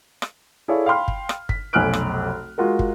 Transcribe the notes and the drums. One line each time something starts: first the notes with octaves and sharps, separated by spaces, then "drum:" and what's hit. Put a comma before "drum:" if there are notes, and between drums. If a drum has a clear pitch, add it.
drum: rim click
E4 G#4 A4 C#5 D5 F5
F5 G5 B5 C6 F6
drum: kick
drum: rim click
B6, drum: kick
F1 B1 G#5 F6 F#6 D7
drum: rim click
G#3 F4 F#4 A#4
drum: kick